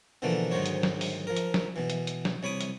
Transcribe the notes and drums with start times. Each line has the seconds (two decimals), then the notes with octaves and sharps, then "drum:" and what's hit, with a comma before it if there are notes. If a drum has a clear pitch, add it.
0.22 B2 D3 E3 F3 A3 A#3
0.51 D2 G#2 D#3 F#3 C5 C#5
0.66 drum: hi-hat
0.83 drum: snare
1.01 drum: open hi-hat
1.27 F3 A#4
1.36 drum: hi-hat
1.54 drum: snare
1.76 B2 E3
1.90 drum: hi-hat
2.07 drum: hi-hat
2.25 drum: snare
2.43 C2 C#5 B5 D6 D#6
2.60 drum: hi-hat